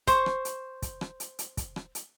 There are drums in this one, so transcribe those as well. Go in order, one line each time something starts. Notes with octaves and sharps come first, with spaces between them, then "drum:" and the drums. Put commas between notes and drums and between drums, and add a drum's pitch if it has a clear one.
C5 C#6, drum: kick, hi-hat
drum: rim click
drum: hi-hat
drum: kick, hi-hat
drum: rim click
drum: hi-hat
drum: hi-hat
drum: kick, hi-hat
drum: rim click
drum: hi-hat